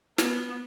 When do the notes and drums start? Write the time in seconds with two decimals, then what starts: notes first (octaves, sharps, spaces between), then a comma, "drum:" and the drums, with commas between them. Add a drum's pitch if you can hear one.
0.18 B3, drum: snare